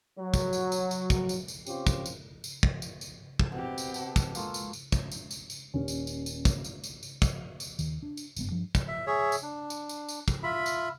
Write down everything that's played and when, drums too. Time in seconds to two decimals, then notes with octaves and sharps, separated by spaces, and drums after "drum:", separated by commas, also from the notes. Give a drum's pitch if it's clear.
0.19 F#3
0.34 drum: kick, tambourine
0.53 drum: tambourine
0.72 drum: tambourine
0.91 drum: tambourine
1.10 drum: kick, tambourine
1.29 drum: tambourine
1.48 drum: tambourine
1.66 C4 C#4 F4 G4, drum: tambourine
1.87 drum: kick, tambourine
2.06 drum: tambourine
2.44 drum: tambourine
2.63 drum: kick
2.82 drum: tambourine
3.01 drum: tambourine
3.39 drum: kick
3.52 B2 C4 G4 F#5
3.78 drum: tambourine
3.94 A5, drum: tambourine
4.16 drum: kick, tambourine
4.35 G#3 A#3 F4 A4 C#6, drum: tambourine
4.54 drum: tambourine
4.73 drum: tambourine
4.92 drum: kick, tambourine
5.12 drum: tambourine
5.31 drum: tambourine
5.50 drum: tambourine
5.74 D#1 C#4
5.88 drum: tambourine
6.07 drum: tambourine
6.26 drum: tambourine
6.45 drum: kick, tambourine
6.64 drum: tambourine
6.84 drum: tambourine
7.03 drum: tambourine
7.22 drum: kick, tambourine
7.60 drum: tambourine
7.79 D#2 D#3, drum: tambourine
8.03 D4
8.17 drum: tambourine
8.36 F#1 G2 B3, drum: tambourine
8.51 G2 F3
8.75 drum: kick, tambourine
8.88 E5
9.07 G#4 C#5 E5
9.32 drum: tambourine
9.43 D4
9.70 drum: tambourine
9.89 drum: tambourine
10.09 drum: tambourine
10.28 drum: kick, tambourine
10.43 F4 E5 B5
10.66 drum: tambourine